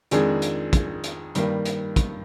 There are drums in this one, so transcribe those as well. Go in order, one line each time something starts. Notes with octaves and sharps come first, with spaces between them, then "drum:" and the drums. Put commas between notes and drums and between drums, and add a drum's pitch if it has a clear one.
F2 D#3 G#3 D4 G#4, drum: hi-hat
drum: hi-hat
drum: kick, hi-hat
drum: hi-hat
G2 D#3 G3 A#3, drum: hi-hat
drum: hi-hat
drum: kick, hi-hat